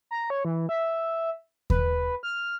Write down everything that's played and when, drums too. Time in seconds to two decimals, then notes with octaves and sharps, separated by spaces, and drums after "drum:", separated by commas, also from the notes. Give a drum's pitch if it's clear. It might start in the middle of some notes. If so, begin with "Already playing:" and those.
0.11 A#5
0.30 C#5
0.45 E3
0.69 E5
1.70 B4, drum: kick D#2
2.23 F6